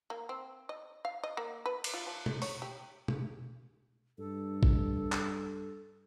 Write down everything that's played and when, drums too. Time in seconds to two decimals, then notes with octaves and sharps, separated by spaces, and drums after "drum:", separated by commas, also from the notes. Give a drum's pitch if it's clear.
0.10 A#3
0.29 C4
0.69 D#5
1.05 F5
1.24 D#5
1.37 A#3
1.66 B4
1.84 drum: cymbal
1.94 F4
2.07 F3
2.26 drum: tom B2
2.42 C#5, drum: open hi-hat
2.62 G4
3.08 drum: tom B2
4.19 G2 A4
4.63 drum: kick
5.12 drum: clap